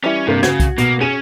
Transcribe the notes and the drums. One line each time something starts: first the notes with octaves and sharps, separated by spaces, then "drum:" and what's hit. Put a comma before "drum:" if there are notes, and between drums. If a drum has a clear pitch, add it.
E3 G3 C#4 E4
G2 C3 A#3
C#3 F#4 G#6, drum: snare
drum: kick C2, hi-hat
B2 A#3, drum: hi-hat
C#4 G#4 D#7 E7